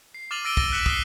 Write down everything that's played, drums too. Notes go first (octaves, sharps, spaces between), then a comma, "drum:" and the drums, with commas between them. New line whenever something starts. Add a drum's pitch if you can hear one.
C7
D6 F6 A6 D#7 F7 F#7
E6 A6 A#6 D7 D#7 G7
A6 A#6 G7, drum: kick
F6 F#6 B6 C#7 E7 F#7
D#6 B6 C7 D7 G7, drum: kick